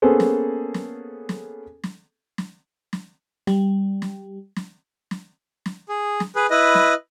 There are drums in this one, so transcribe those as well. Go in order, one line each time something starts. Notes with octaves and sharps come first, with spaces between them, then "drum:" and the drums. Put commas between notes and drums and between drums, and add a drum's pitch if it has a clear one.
A#3 B3 C#4 G#4 A4 C5
drum: snare
drum: snare
drum: snare
drum: snare
drum: snare
drum: snare
G3, drum: snare
drum: snare
drum: snare
drum: snare
drum: snare
G#4
drum: snare
G#4 B4
E4 B4 D#5
drum: snare